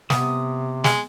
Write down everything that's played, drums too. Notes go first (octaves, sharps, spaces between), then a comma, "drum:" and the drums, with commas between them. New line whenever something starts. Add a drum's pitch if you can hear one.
C3 B3 D#6, drum: snare
G#3, drum: snare